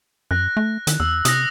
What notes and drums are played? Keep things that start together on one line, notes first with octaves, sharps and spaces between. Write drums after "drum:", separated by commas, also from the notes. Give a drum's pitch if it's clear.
F#2 F#6 A#6
A3
D#3, drum: hi-hat
E2 E6
C3 D#6 F#6 A#6, drum: hi-hat